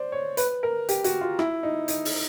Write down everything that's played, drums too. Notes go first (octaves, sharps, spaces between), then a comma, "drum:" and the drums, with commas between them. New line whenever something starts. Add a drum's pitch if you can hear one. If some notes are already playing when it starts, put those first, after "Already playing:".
Already playing: C5 D5
C#5
B4, drum: hi-hat
A#4
G4, drum: hi-hat
F#4, drum: hi-hat
F4
E4, drum: rim click
D#4
D#4, drum: hi-hat
drum: open hi-hat